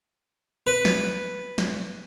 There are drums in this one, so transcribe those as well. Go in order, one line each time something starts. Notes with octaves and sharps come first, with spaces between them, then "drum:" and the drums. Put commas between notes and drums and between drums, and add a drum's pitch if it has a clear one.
B4
drum: snare
drum: snare